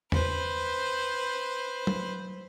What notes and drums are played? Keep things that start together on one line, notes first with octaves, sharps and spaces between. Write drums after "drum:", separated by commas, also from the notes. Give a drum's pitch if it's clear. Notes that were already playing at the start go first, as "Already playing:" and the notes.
B4 C5, drum: tom E2
drum: tom F#3